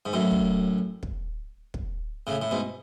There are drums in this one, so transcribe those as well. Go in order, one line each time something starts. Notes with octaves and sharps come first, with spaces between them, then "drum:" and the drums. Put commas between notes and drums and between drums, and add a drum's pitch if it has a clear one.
G#2
F#2 A2
drum: kick
drum: kick
drum: kick
A2 C#3
A2
G#2 B2